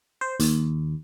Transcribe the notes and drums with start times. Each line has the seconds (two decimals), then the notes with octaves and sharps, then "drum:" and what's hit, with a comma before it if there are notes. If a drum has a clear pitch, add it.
0.21 C5
0.40 D#2, drum: hi-hat